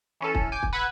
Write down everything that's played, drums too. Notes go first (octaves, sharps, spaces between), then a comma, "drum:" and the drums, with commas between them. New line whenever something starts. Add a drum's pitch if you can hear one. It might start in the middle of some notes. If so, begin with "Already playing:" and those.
E3 C#4 A4
drum: kick
G#5 D6 G6
drum: kick
B4 F#5 B5 E6 F#6 G#6